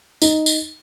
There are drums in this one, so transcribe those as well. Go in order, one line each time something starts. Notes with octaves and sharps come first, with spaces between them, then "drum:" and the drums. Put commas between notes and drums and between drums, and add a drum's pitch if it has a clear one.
D#4, drum: tambourine
drum: tambourine